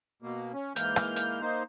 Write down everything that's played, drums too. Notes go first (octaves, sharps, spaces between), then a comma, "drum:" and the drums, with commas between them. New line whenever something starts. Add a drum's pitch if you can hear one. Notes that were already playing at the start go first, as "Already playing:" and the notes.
B2 A#3
C#4
G#2 E3 A#3 F6 G6, drum: hi-hat
drum: rim click
drum: hi-hat
A#3 D#4 C5